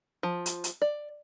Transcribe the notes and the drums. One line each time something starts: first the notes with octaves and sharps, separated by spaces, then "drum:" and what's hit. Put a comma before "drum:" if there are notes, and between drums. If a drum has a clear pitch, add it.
F3
drum: hi-hat
drum: hi-hat
D5